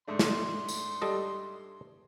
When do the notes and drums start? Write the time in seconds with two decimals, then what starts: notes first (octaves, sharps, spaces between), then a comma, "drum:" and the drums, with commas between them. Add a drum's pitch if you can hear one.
0.07 G#2 A3 D4 C6
0.19 drum: snare
0.68 drum: tambourine
1.02 G3 A4 D#5